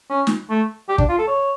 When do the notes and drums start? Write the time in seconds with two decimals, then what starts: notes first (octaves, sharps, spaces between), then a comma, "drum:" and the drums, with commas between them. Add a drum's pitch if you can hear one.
0.10 C#4
0.27 drum: snare
0.49 A3
0.89 G4
0.98 D4, drum: kick
1.09 F4
1.18 A4
1.27 C#5